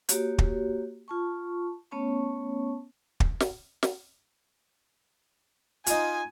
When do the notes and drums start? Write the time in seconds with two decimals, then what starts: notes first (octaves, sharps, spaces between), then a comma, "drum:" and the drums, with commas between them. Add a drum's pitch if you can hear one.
0.09 A#3 F#4 G4 C#5, drum: hi-hat
0.38 drum: kick
1.08 F4 A5 C#6
1.91 A3 B3 C#4 C#5 A5 C#6
3.20 drum: kick
3.40 drum: snare
3.83 drum: snare
5.87 D#4 F4 G#5, drum: hi-hat